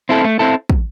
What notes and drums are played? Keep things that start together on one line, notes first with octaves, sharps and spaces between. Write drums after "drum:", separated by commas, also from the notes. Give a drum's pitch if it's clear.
C4 E4 A4
A3
C4 E4 A4
drum: kick